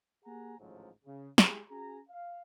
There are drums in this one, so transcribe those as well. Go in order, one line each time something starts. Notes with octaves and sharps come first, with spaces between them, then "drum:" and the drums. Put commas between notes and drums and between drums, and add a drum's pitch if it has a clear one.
A#3 G4 G#4 F#5 G#5 A#5
A1 D2 G#2 F3 F#3
C#3
G#3 E4 G4 G#4, drum: snare
C#4 F#4 G#4 G#5 A#5
F5